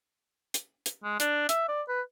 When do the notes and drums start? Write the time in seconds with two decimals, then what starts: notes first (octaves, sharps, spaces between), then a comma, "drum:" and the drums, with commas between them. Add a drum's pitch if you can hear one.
0.54 drum: hi-hat
0.86 drum: hi-hat
1.04 G#3
1.20 D4, drum: hi-hat
1.49 E5, drum: hi-hat
1.68 D5
1.88 B4